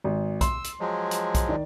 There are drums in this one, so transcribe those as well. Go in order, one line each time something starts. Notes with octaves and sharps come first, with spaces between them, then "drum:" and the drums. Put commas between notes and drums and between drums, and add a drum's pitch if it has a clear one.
G#1
C6 E6, drum: kick B1, hi-hat
drum: hi-hat
F3 F#3 G#3
drum: hi-hat
drum: kick B1, hi-hat
D#3 D5